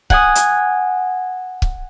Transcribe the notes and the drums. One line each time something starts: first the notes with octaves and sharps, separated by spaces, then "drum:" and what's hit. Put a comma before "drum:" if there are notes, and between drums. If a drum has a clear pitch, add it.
F#5 G#5 D#6, drum: kick C#1
drum: hi-hat
drum: kick C#1